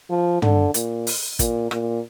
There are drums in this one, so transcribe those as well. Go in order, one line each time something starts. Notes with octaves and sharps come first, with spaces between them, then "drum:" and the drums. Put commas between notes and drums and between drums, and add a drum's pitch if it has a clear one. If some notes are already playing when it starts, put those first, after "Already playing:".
F3
D3, drum: tom
A#2, drum: hi-hat
drum: open hi-hat
A#2, drum: kick, hi-hat
A#2, drum: rim click